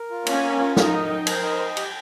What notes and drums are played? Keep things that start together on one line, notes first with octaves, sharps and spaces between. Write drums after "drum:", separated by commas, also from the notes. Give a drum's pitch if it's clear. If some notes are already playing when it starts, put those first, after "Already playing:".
Already playing: A#4
F4
A#3 C#4, drum: cymbal
A#4
F4
D#4 A#4, drum: snare
D#5
G5
A#4 C5, drum: cymbal
D#5
G5
G4, drum: cymbal